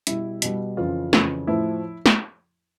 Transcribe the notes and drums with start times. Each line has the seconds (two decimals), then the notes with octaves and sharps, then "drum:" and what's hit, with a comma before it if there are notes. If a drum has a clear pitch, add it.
0.07 B2 G3 E4, drum: hi-hat
0.42 B2 G3, drum: hi-hat
0.77 F2 C#3 E3 F4
1.13 F2 C#3 E3, drum: snare
1.47 A2 F3 E4
2.06 drum: snare